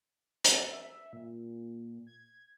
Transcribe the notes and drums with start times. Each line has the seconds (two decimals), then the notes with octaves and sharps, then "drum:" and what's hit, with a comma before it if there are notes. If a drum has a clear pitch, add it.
0.44 drum: hi-hat
0.72 E5
1.13 A#2
2.07 G#6